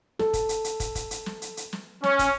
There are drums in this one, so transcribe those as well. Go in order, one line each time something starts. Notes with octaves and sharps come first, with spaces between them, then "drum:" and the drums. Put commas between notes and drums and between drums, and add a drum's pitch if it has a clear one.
A4, drum: snare
drum: kick, hi-hat
drum: hi-hat
drum: hi-hat
drum: kick, hi-hat
drum: kick, hi-hat
drum: hi-hat
drum: snare
drum: hi-hat
drum: hi-hat
drum: snare
C#4, drum: snare
drum: kick, hi-hat